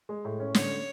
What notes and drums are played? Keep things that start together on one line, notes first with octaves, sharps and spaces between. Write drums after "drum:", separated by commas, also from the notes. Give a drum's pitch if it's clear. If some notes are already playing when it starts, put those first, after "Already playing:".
G#3
A2
C#4
D3 C#5, drum: snare